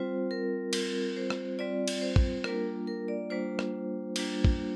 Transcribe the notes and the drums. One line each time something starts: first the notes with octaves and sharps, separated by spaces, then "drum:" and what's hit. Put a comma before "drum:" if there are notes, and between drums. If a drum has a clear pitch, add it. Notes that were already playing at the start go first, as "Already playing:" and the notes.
Already playing: G3 C4 F4 C5
A#4
G3 C4 F4 A#4, drum: cymbal
C5
drum: rim click
G3 C4 F4 D5
drum: cymbal
C5
drum: kick
G3 A#3 D4 F4 A#4, drum: rim click
A#4
D5
G3 A#3 D4 F4 C5
drum: rim click
G3 A#3 D4 F4, drum: cymbal
drum: kick